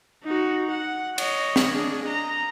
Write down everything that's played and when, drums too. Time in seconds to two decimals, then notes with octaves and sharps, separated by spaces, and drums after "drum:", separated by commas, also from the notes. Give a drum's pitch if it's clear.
0.24 D#4 F#4
0.71 F#5
1.18 C#5 D#5, drum: cymbal
1.56 drum: snare
1.73 D4 G#4
2.05 D#5 A#5